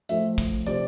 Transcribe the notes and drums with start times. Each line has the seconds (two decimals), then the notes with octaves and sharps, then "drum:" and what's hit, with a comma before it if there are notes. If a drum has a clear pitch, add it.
0.09 A2 F3 A3 E5, drum: hi-hat
0.38 drum: kick, open hi-hat
0.66 C3 F3 D5, drum: hi-hat